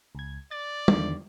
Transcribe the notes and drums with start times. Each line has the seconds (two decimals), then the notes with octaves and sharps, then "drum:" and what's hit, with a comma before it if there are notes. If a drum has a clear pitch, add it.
0.15 C#2 G#6
0.51 D5 A6
0.88 E2 D3 D#3, drum: tom